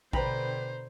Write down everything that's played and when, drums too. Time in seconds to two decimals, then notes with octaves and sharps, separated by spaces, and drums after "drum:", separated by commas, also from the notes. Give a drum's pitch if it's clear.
0.13 B2 D3 B4 C5 G5 A#5 B5, drum: kick A1